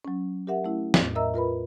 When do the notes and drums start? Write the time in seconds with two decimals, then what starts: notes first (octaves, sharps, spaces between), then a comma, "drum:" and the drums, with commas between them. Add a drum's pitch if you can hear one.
0.05 F#3 C#4
0.47 G4 A#4 E5 F#5
0.64 A3 C#4 E4
0.94 E2 A2, drum: snare
1.15 A#4 D#5 E5 A#5 E6
1.34 F4 A#4 B4 B5